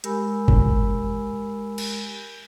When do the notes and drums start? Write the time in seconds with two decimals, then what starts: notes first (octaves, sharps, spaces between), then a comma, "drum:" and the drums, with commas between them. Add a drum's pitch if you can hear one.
0.04 G#3 G4 A#4 G#5 B5 E6, drum: hi-hat
0.48 drum: kick G1
1.78 drum: cymbal